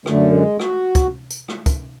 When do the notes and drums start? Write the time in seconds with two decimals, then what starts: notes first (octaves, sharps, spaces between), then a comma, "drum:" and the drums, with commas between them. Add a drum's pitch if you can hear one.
0.06 F#2 D3 A3, drum: rim click
0.33 G#3
0.59 F#4, drum: rim click
0.95 drum: kick, tambourine
1.31 drum: tambourine
1.48 drum: rim click
1.66 drum: kick, tambourine